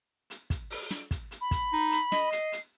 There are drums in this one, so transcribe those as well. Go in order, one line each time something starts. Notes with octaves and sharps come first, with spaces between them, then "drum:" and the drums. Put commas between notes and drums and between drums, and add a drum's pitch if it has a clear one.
drum: hi-hat
drum: kick, hi-hat
drum: open hi-hat
drum: snare
drum: kick, hi-hat
drum: hi-hat
B5
drum: kick, hi-hat
D#4
drum: hi-hat
D#5, drum: snare
C7, drum: hi-hat
drum: hi-hat